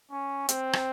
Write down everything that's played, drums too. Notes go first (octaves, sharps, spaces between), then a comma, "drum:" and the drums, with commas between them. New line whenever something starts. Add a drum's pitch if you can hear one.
C#4
C4, drum: hi-hat
drum: rim click